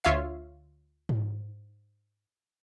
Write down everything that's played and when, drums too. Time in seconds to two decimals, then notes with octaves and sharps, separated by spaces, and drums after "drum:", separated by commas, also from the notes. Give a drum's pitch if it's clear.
0.04 D2 F4 C#5 E5 F5 C7
1.09 drum: tom G#2